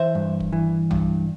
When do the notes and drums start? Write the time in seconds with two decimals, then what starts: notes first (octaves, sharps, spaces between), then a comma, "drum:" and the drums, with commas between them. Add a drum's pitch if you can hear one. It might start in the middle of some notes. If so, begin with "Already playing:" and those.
Already playing: E3 C5 E5
0.15 G2
0.40 drum: kick
0.53 E3
0.91 G2, drum: tom B1